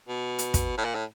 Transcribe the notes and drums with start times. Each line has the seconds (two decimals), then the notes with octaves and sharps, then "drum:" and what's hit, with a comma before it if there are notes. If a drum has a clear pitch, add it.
0.08 B2
0.39 drum: hi-hat
0.54 drum: kick, hi-hat
0.78 A2
0.85 A#2
0.95 A2